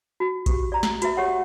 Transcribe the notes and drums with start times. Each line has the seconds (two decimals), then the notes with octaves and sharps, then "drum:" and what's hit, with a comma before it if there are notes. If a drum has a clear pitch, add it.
0.20 F#4
0.46 G4, drum: kick A#1, hi-hat
0.72 D5 A#5
0.83 drum: snare
1.02 F#4 B4 E5, drum: hi-hat
1.17 G4 C#5 F#5